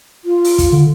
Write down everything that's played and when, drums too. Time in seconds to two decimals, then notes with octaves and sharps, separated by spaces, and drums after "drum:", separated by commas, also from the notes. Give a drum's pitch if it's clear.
0.25 F4
0.45 drum: open hi-hat
0.58 drum: kick, hi-hat
0.72 D3